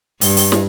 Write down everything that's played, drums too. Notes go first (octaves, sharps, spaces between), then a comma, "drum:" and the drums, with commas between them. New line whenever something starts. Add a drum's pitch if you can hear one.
G2, drum: open hi-hat
drum: open hi-hat
drum: snare